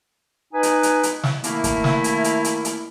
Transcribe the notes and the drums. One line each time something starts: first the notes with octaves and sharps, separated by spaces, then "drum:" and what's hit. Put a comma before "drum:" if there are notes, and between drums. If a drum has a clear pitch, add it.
D#4 B4 G#5
drum: hi-hat
drum: hi-hat
drum: hi-hat
drum: snare
D#3 A3 A#3 E4, drum: hi-hat
drum: kick, hi-hat
drum: snare
drum: hi-hat
drum: hi-hat
drum: hi-hat
drum: hi-hat